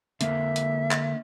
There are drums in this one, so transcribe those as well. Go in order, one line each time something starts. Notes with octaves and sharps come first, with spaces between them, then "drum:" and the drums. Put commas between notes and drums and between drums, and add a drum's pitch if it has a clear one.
D3 A#3 A#4 E5, drum: hi-hat
drum: hi-hat
drum: clap